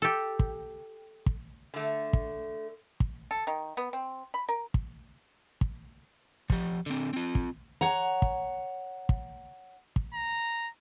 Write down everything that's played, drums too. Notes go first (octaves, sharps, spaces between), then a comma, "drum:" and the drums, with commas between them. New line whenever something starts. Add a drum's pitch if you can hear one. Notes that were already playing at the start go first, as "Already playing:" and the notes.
G4 A4
drum: kick
drum: kick
D3 A3
drum: kick
drum: kick
A4
D#3
B3
C4
B5
A#4
drum: kick
drum: kick
F3 G4, drum: kick
D3 C4
C4 F4
drum: kick
C#5 F#5 A#5
drum: kick
drum: kick
drum: kick
A#5